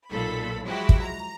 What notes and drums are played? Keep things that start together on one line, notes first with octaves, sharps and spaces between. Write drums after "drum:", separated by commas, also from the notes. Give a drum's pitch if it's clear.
B1 A#2 A4 B5
F3 F#3 G#3 E4 F#4 G4
drum: kick
A#5